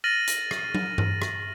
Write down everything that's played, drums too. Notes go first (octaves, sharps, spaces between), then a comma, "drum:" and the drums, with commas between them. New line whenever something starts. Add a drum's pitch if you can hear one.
F6 A6 A#6 D#7 F#7
drum: hi-hat
drum: rim click
drum: tom F#3
drum: tom G2
drum: rim click